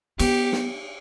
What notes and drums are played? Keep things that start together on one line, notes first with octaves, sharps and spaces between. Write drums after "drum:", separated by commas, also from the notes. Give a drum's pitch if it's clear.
B3 G4, drum: cymbal
drum: snare